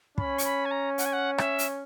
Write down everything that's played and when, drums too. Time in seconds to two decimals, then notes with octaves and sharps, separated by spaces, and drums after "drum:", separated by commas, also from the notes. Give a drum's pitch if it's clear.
0.18 C#4 B5, drum: kick
0.38 C#6, drum: hi-hat
0.45 B5
0.66 G#5
0.71 A#5
0.98 F#5, drum: hi-hat
1.06 G#5
1.13 F#5
1.38 E5, drum: rim click
1.59 drum: hi-hat